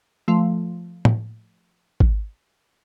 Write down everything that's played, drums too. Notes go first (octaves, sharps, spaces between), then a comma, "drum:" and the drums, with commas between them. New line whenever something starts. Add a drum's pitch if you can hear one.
F3 A3
drum: tom
drum: kick G#1